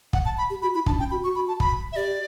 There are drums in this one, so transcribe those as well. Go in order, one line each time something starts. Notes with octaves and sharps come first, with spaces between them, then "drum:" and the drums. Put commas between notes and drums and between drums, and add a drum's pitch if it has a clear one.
F#5, drum: kick
A5
B5
G4
F#4 B5
E4 B5
D4 A5, drum: kick
C#4 G5
F#4 B5
F#4 C#6
B5
A5
B5, drum: kick
E5
G4 D5